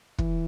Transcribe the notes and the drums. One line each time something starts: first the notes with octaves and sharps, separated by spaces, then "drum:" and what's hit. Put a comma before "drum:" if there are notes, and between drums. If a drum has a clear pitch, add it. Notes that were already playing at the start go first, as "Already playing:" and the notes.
E3, drum: kick